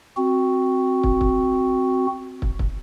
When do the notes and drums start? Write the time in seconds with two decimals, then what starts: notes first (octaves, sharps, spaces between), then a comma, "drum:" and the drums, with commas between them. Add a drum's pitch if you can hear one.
0.17 C4 F#4
1.03 drum: kick
1.21 drum: kick
2.42 drum: kick
2.59 drum: kick